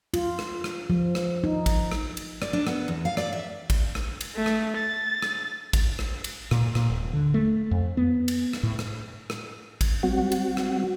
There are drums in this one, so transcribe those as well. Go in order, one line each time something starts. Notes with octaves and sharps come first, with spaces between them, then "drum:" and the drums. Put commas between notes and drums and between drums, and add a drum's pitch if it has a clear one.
F4, drum: cymbal
drum: rim click
drum: rim click
F3
drum: rim click
D#4
drum: kick A1, cymbal
drum: rim click
drum: cymbal
D5, drum: rim click
D4
B3, drum: rim click
E2
F5
D5, drum: rim click
E5
drum: kick A1, cymbal
drum: rim click
drum: cymbal
A3
drum: rim click
A6
drum: rim click
drum: kick A1, cymbal
drum: rim click
drum: cymbal
A#2, drum: rim click
A#2, drum: rim click
D#1
D3
A3
F2
B3
drum: cymbal
drum: rim click
A2
drum: rim click
drum: rim click
drum: kick A1, cymbal
G3 C4 F#4 F#5
drum: cymbal
drum: rim click